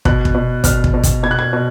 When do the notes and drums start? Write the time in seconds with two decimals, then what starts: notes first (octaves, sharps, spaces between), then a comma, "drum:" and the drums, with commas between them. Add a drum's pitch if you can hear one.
0.05 B2 F#6, drum: kick
0.25 drum: kick
0.35 B2
0.64 B2 F6, drum: kick, hi-hat
0.84 drum: kick
0.94 B2
1.03 drum: kick, hi-hat
1.23 B2 G#6
1.31 F#6
1.39 G#6
1.53 B2